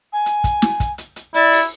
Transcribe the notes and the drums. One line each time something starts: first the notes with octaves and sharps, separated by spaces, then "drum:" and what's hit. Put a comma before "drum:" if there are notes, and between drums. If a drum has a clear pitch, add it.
G#5
drum: hi-hat
drum: kick, hi-hat
drum: snare
drum: kick, hi-hat
drum: hi-hat
drum: hi-hat
E4 D5, drum: hi-hat
drum: open hi-hat